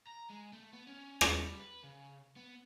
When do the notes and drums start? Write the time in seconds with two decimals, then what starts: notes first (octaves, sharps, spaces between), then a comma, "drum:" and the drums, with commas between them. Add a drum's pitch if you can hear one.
0.07 A#5
0.30 G#3
0.53 A3
0.73 B3
0.87 C#4
1.21 drum: rim click
1.31 G3
1.59 B4
1.84 C#3
2.36 B3